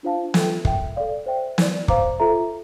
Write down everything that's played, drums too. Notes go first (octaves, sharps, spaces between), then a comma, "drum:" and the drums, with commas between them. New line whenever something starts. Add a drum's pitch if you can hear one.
D4 F4 C5 F5 A5
F4 A4 E5 G5, drum: snare
A#4 E5 G5, drum: kick
A4 D5 F5
C5 E5 G5
E4 A#4 D5, drum: snare
C5 F5 A#5 D6, drum: kick
F4 A4 E5 A#5